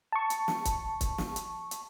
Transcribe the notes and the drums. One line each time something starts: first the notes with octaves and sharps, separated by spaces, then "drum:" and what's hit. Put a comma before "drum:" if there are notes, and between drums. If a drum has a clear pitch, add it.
A5 C#6
drum: hi-hat
drum: snare
drum: kick C#1, hi-hat
drum: kick C#1, hi-hat
drum: snare
drum: hi-hat
drum: hi-hat